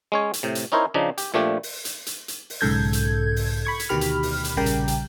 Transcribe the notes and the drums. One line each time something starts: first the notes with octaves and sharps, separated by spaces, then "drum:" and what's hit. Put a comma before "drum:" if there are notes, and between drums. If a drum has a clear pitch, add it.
G#3 C#4 C#5
drum: hi-hat
A2 C3
drum: hi-hat
C#4 D#4 E4 A#4 C5 C#5
C#3 F3 D4 D#4
G4, drum: hi-hat
A#2 F3 A3 D4 G4
drum: open hi-hat
drum: hi-hat
drum: hi-hat
drum: hi-hat
drum: open hi-hat
B1 G#2 C#3 A4 G6 G#6
drum: hi-hat
drum: open hi-hat
B5 C#6 G#6
drum: hi-hat
D2 B2 D#3 G4 B5 F6
drum: hi-hat
drum: open hi-hat
drum: hi-hat
A#1 C#3 G3 G4 A#4 G5
drum: hi-hat
drum: hi-hat